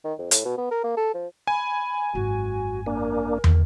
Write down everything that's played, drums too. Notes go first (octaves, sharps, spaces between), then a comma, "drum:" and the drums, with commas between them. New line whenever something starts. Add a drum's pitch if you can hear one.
D#3
F2
A2, drum: hi-hat
B2
B3
A#4
A#3
A4
F3
G#5 B5
G#1 F#2 F#4
A#3 D4 A#4
drum: tom